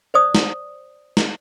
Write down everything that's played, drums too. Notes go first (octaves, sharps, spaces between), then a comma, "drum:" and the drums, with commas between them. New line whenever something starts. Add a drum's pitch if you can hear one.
C5 D5 D#6
drum: snare
drum: snare